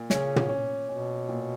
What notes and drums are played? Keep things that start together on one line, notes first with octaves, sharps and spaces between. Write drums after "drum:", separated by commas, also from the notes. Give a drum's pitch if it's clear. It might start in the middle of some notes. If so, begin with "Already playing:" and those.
Already playing: A#2
C#3 C#4, drum: snare
drum: tom
C#4
B2 C#4
A#2